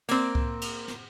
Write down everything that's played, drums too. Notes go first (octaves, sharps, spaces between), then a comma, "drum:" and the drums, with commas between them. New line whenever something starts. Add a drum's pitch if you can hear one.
A#3 C4, drum: cymbal
drum: kick C2
drum: cymbal
drum: snare